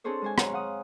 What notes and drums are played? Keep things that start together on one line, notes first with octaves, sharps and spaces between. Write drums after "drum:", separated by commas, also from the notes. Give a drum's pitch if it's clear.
C4 D4 G#4 A4 C5 C#5
G#3 C5 G#5
C5 C#5 F#5 A#5, drum: rim click
F5 F#5 D#6